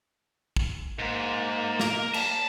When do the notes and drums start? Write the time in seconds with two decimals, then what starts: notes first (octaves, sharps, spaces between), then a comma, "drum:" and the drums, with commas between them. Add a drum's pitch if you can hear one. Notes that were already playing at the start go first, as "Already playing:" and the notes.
0.56 drum: kick
0.99 G#2 A#3
1.80 A#4, drum: snare
2.14 A5, drum: cymbal